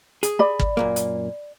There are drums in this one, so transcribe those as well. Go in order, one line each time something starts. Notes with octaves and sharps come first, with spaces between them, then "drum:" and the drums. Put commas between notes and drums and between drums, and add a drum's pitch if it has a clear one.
G#4, drum: hi-hat
D5 B5
drum: kick
F#2 A#2 A#3
drum: hi-hat